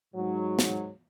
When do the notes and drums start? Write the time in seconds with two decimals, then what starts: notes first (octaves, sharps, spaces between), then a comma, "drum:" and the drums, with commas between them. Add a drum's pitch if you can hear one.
0.15 G#2 F#3
0.59 drum: snare